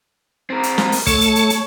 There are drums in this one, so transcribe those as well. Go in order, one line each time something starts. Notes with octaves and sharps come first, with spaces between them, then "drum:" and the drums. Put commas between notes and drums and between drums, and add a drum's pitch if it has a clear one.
C4 A#4
drum: hi-hat
drum: snare
drum: open hi-hat
A3 A4 C#5 A5, drum: kick, hi-hat
drum: hi-hat
drum: hi-hat
drum: hi-hat